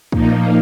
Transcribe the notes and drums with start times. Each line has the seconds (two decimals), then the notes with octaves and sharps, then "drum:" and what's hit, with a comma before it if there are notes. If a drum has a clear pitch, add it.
0.12 A#2 F3 A#3 D#4, drum: kick